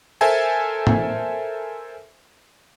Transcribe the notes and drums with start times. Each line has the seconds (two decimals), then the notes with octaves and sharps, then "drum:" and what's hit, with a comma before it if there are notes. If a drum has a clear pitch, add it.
0.21 A4 A#4 C5 E5 G#5 A5
0.87 drum: tom G#2